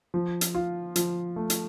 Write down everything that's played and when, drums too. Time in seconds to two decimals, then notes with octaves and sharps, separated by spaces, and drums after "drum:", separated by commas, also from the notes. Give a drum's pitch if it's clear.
0.14 F3
0.41 drum: hi-hat
0.55 F4
0.96 F3, drum: hi-hat
1.36 A3
1.50 drum: hi-hat